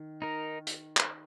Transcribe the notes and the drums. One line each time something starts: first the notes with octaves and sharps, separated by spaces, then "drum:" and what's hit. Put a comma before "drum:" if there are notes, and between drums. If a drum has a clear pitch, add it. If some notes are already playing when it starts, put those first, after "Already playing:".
Already playing: D#3
D#4 A#4
drum: hi-hat
drum: clap